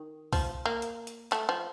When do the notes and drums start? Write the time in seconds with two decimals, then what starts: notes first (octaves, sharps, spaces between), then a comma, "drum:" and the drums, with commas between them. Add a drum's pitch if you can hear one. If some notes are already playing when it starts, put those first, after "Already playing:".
Already playing: D#3
0.33 F3, drum: kick, open hi-hat
0.66 A#3
0.82 drum: hi-hat
1.07 drum: hi-hat
1.32 A3, drum: clap
1.49 F3